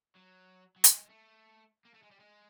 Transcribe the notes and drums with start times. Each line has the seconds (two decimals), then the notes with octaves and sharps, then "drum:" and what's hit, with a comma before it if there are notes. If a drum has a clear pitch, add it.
0.16 F#3
0.76 F#3
0.84 G3, drum: hi-hat
0.93 G#3
1.06 G#3
1.09 A3
1.85 A#3
1.94 A3
2.03 G#3
2.11 G3
2.20 G#3